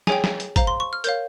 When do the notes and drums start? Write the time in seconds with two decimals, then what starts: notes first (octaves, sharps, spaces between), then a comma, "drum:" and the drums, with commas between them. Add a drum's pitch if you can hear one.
0.07 G#4 C#5 G5 G#5, drum: snare
0.24 drum: snare
0.40 drum: hi-hat
0.56 C5 F5 A#5, drum: kick, hi-hat
0.67 C6
0.80 C#6
0.93 F6
1.04 A#4 C#5 F5 G6, drum: hi-hat